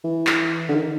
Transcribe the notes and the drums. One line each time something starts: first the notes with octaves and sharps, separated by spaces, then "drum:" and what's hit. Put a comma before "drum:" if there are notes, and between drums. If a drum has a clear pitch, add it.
E3
drum: clap
D3
D#3